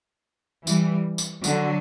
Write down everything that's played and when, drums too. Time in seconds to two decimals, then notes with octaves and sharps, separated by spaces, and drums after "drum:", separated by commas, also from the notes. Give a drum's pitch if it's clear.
0.67 E3 G3, drum: tambourine
1.18 drum: tambourine
1.44 D3 F#3, drum: tambourine